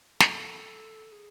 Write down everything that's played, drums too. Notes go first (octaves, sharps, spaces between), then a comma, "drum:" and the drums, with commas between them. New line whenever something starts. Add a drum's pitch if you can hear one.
A4, drum: snare
G#4